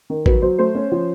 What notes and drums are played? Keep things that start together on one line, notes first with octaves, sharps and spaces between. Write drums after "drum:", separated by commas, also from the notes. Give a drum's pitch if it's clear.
D#3
F#3 B4, drum: kick A1
F#3 C5
A3 C5
C#4
F3